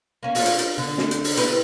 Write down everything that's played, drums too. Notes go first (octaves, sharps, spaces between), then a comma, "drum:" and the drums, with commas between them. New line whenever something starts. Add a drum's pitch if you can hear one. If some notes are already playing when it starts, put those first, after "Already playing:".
A#3 C#4
D4 F4 C#5, drum: open hi-hat
drum: hi-hat
drum: hi-hat
D3
drum: snare
drum: hi-hat
drum: open hi-hat
E4 G4 B4, drum: hi-hat